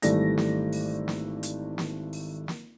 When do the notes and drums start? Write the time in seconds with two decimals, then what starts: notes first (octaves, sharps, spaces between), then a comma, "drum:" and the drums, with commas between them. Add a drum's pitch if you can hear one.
0.02 G#1 E3 G3 A3 D5 A#6, drum: hi-hat
0.37 drum: snare
0.73 drum: open hi-hat
1.08 drum: snare
1.43 drum: hi-hat
1.78 drum: snare
2.13 drum: open hi-hat
2.48 drum: snare